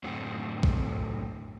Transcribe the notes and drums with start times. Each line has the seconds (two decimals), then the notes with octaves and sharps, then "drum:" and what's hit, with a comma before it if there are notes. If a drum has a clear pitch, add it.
0.04 F#2 A2 D3 A3 C4 F#4
0.63 drum: kick